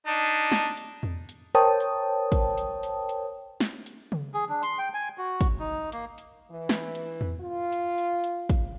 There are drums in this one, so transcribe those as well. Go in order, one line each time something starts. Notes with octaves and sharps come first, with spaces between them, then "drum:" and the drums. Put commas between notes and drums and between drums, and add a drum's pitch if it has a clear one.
D4 D#4
drum: hi-hat
drum: snare
drum: hi-hat
drum: tom E2
drum: hi-hat
A#4 C5 C#5 G5 A5 D#6, drum: hi-hat
drum: hi-hat
drum: kick, hi-hat
drum: hi-hat
drum: hi-hat
drum: hi-hat
drum: snare
drum: hi-hat
drum: tom C#3
G#4
D4
C6, drum: hi-hat
G5
G#5
F#4
drum: kick, hi-hat
D#4
A#3, drum: hi-hat
drum: hi-hat
E3
drum: snare
drum: hi-hat
drum: tom E2
F4
drum: hi-hat
drum: hi-hat
drum: hi-hat
drum: kick, hi-hat